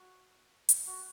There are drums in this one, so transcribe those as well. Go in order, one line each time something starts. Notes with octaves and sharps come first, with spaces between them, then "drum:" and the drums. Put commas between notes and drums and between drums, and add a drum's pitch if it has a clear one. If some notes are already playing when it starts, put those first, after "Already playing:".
Already playing: F#4
drum: hi-hat
F#4